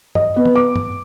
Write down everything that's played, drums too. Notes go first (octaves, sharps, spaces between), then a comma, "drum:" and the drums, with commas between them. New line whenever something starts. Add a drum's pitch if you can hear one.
D#5, drum: tom G2
B3
drum: tom
D6
drum: tom G2